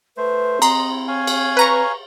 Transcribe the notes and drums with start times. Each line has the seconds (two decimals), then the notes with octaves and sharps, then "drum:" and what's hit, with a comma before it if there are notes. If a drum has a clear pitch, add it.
0.17 A3 B4 C5
0.62 C4 D#5 A#5 C6, drum: cymbal
0.91 E4
1.08 C#5 F5 G#5
1.27 drum: cymbal
1.57 B4 A#5 C#6